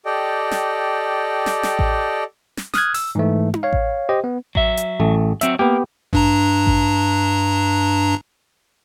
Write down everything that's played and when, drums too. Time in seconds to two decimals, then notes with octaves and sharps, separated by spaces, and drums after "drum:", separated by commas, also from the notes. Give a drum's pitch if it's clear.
0.06 G4 A4 D5 D#5 G5
0.51 drum: snare
1.46 drum: snare
1.63 drum: snare
1.79 drum: kick A1
2.57 drum: snare
2.74 D#6 F6 F#6 G#6, drum: snare
2.94 E6, drum: open hi-hat
3.15 G#2 E3 A3
3.54 drum: tom D#4
3.63 C#5 F5
3.73 drum: kick A1
4.09 G4 C5 D#5 G5
4.24 B3
4.55 F#3 E5, drum: kick A1
4.77 drum: hi-hat
5.00 A1 A3
5.41 F#3 C4 F#4 E5, drum: hi-hat
5.59 A#3 B3 G4
6.13 G2 D4 A#5, drum: kick A1
6.67 drum: kick A1